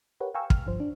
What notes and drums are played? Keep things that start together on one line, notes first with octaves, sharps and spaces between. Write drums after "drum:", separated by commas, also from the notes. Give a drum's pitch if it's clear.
G4 A#4 B4 C#5 F#5
F5 G5 G#5 A#5 C#6 E6
F6, drum: kick
G1 G2 F3 C5
D4